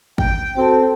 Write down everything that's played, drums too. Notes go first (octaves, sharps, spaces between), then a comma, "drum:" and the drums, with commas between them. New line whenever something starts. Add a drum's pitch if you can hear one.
G5, drum: kick
C4 F#4 A4 A5